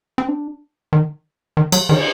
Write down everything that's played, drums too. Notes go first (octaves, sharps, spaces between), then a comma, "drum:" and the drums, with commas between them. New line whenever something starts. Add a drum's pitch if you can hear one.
C4
D4
D#3
D#3
F#3, drum: cymbal
D#3, drum: cymbal